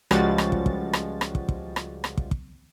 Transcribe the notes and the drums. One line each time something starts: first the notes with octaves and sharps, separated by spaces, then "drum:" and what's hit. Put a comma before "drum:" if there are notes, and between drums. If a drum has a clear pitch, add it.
C#2 F3 G3 G#3 F#4 A6, drum: rim click
drum: rim click
drum: kick
drum: kick
drum: rim click
drum: rim click
drum: kick
drum: kick
drum: rim click
drum: rim click
drum: kick
drum: kick